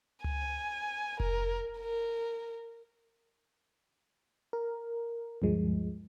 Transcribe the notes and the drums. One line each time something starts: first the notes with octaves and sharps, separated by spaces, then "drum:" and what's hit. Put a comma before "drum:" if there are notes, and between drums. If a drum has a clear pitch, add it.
G#5, drum: tom C#2
A#4, drum: kick F1
A#4
A#4
D2 G2 F3 G#3